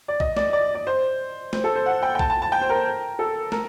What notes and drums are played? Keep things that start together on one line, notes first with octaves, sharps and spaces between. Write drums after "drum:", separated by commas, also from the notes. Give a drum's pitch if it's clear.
D5
D#5, drum: kick A#1
D5, drum: snare
D5
D5
C5
C5, drum: snare
A4
C5
F#5
G5
G5
A5, drum: kick A#1
A5
A5
G5
C5
A#4
A4
A#4, drum: snare